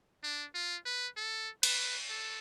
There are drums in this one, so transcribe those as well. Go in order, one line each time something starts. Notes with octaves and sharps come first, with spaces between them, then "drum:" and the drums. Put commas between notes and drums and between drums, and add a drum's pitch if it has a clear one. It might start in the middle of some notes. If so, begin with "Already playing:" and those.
D4
F4
B4
A4
B4, drum: cymbal
A4